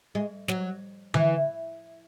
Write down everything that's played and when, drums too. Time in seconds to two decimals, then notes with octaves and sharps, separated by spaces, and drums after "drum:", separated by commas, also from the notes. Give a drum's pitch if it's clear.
0.15 G#3
0.48 F#3, drum: snare
1.14 E3, drum: tom D3